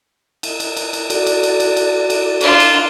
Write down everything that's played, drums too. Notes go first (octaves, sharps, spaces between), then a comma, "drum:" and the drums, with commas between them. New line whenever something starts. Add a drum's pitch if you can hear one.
drum: cymbal
drum: cymbal
drum: cymbal
drum: cymbal
F#4 A4 D5, drum: cymbal
drum: cymbal
drum: cymbal
drum: cymbal
drum: cymbal
drum: cymbal
D4 F4, drum: cymbal
drum: cymbal